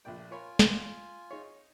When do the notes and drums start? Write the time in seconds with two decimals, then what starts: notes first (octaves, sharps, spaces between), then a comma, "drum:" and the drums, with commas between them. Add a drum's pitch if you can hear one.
0.05 A#1 A#2 A3 D5 G5
0.31 F4 A#4 C#5 G#5 B5
0.59 C5, drum: snare
1.31 D#4 G#4 C#5